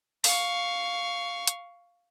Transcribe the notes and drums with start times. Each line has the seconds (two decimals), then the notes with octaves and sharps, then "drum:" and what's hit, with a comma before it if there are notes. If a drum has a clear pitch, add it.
0.24 F5 C#6, drum: open hi-hat
1.47 drum: hi-hat